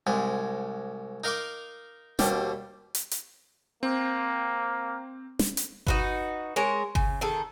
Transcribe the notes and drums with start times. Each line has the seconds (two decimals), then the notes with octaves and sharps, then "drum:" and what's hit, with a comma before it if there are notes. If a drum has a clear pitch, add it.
0.07 C2 G#2 G#3
1.24 D#4 A#4 F5 C6 D6
2.19 D#2 B2 G3 C5, drum: snare
2.95 drum: hi-hat
3.11 drum: hi-hat
3.83 A#3 C4
5.39 drum: snare
5.57 drum: hi-hat
5.87 D#4 F#4 B4, drum: kick G1
6.56 G#3 A#4 C#5
6.95 C#3, drum: kick G1
7.21 D#3 G#4 A4